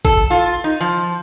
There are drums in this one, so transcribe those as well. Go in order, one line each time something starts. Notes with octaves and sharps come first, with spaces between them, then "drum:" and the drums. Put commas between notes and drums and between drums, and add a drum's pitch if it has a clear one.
A4, drum: kick
F4
D#4
F3